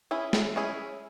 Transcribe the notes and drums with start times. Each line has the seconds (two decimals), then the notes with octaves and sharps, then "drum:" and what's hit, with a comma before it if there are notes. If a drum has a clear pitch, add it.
0.11 C#4 E4 G#4
0.33 drum: snare
0.56 C#4 E4 G#4